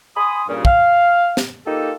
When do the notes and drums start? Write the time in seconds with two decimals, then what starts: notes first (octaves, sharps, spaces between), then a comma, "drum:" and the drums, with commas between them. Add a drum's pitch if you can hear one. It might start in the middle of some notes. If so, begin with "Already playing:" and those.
0.17 G#5 B5 C6 D#6
0.49 G2 A#2 C#3
0.65 F5, drum: kick
1.37 drum: snare
1.66 A#3 D#4 F4 G4 A4